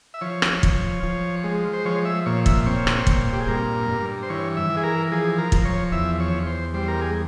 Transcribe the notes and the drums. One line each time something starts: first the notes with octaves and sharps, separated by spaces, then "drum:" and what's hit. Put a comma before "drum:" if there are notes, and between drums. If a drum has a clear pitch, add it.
E5
F3 C#5
drum: rim click
F3, drum: kick
F3
G#3
C5
F3 C#5
E5
A#2 C#5
E5, drum: kick
C4 C#5
drum: rim click
A#2, drum: kick
G4
G#4
G2 A#4
G2
C5
E3 C#5
E5
E3
G#4
A#4
F3 G#4
A#4
F3, drum: kick
C#5
E2 E5
C#5
E2
C5
G3 C5
A#4
G#4